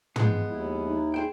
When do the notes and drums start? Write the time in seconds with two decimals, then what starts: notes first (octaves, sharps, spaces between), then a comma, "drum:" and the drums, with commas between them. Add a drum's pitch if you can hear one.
0.16 F3 G#3 B3, drum: tom
0.50 D#2 E4
0.89 D#4
1.14 G#4 C5 G5